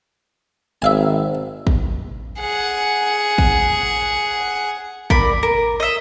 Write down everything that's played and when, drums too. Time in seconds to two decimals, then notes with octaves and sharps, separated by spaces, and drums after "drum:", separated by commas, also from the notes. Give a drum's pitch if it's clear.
0.82 G#1 E5 F5 G#5
1.67 drum: kick
2.40 G#4 F#5
3.38 drum: kick
5.10 A#4 D5 B5, drum: kick
5.43 A#4
5.80 D#5 E5